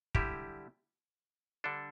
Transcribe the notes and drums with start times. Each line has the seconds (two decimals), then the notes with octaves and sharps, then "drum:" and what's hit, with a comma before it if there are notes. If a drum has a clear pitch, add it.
0.15 D3 G3 E4 G4, drum: kick
1.64 D3 G3 D4 A4